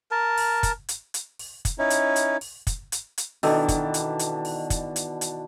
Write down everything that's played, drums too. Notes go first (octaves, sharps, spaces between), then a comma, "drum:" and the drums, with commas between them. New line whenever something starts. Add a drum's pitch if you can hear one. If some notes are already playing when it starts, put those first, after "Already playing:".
A#4 A5
drum: open hi-hat
drum: kick, hi-hat
drum: hi-hat
drum: hi-hat
drum: open hi-hat
drum: kick, hi-hat
C#4 D#4 E4
drum: hi-hat
drum: hi-hat
drum: open hi-hat
drum: kick, hi-hat
drum: hi-hat
drum: hi-hat
B2 D#3 E3 D4 A4 E6, drum: open hi-hat
drum: kick, hi-hat
drum: hi-hat
drum: hi-hat
drum: open hi-hat
drum: kick, hi-hat
drum: hi-hat
drum: hi-hat